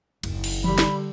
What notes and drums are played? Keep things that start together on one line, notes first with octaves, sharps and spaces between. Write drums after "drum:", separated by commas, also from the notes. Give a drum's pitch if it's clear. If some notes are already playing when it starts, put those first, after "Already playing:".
F#1 D#2, drum: cymbal
drum: cymbal
D3 G3 B5, drum: tom E3
drum: snare